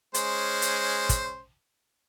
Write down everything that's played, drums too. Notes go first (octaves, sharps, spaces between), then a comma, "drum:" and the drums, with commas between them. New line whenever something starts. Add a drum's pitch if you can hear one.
G#3 C#4 C5, drum: hi-hat
drum: hi-hat
drum: kick, hi-hat